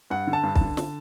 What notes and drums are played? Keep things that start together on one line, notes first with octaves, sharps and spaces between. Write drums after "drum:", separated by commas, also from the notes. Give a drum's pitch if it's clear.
G2 F#5
D3
A5
G2
A5, drum: kick
D3
D3, drum: snare